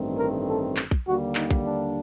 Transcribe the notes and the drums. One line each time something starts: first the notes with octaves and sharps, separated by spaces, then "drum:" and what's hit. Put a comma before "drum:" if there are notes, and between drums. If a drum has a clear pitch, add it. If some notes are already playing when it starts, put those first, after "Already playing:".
Already playing: A1 G2 D#3 A3 C4
A#4
A4
drum: clap
drum: kick
D#2 D3 G3 A#3 F#4
D#4, drum: clap
drum: kick
D4